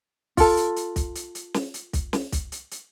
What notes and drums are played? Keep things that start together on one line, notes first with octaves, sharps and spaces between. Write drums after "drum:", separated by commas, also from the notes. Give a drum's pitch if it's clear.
F4 A4, drum: kick, open hi-hat
drum: hi-hat
drum: hi-hat
drum: kick, hi-hat
drum: hi-hat
drum: hi-hat
drum: snare
drum: hi-hat
drum: kick, hi-hat
drum: snare
drum: kick, hi-hat
drum: hi-hat
drum: hi-hat